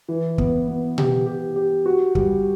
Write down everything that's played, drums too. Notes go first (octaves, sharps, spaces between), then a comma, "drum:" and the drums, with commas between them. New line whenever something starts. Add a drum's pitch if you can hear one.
E3
B3, drum: kick
B3
G4, drum: tom B2
G4
G4
F#4
G3, drum: kick